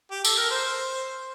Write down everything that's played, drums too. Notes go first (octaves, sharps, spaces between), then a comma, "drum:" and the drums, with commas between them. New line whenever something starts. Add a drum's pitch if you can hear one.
G4
A4, drum: tambourine
A#4
C5